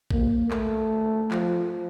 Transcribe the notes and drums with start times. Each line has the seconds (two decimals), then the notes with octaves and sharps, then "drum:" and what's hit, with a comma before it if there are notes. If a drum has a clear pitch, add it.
0.11 A#3, drum: kick A#1
0.51 A3, drum: clap
1.31 F3, drum: clap